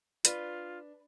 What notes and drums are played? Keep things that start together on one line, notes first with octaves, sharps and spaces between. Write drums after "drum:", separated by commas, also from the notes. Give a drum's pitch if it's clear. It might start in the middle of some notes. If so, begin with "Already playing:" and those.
D4 F4 B4, drum: hi-hat